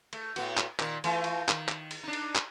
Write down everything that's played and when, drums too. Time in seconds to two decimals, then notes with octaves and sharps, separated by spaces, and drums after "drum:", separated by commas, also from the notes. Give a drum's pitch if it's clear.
0.13 A3, drum: cymbal
0.36 A2 B3 F#4, drum: cymbal
0.57 drum: clap
0.80 A#2 D#3 D5, drum: clap
1.04 E3 A3 F4, drum: cymbal
1.24 drum: cymbal
1.48 D#3, drum: clap
1.69 drum: clap
1.91 drum: cymbal
2.03 D4 D#4
2.13 drum: cymbal
2.35 drum: clap